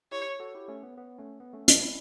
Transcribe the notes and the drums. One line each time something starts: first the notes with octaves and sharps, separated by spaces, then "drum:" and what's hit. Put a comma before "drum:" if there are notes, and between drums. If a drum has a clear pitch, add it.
E4 G4 C#5
F#4 A4
E4 G4
A3 C#4
B3
B3
A3 C#4
B3
A3 C#4
B3 D4, drum: hi-hat
C#4 E4